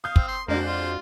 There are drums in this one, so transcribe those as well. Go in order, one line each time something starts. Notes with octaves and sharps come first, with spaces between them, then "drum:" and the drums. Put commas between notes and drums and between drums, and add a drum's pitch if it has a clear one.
F5 D#6 G6
C4, drum: kick
C6
F2 G#3 A#3 D4 F#4 C5
F4